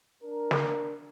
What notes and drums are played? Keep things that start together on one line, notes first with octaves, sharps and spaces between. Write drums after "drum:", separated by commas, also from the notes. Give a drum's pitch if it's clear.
D4 A#4
drum: snare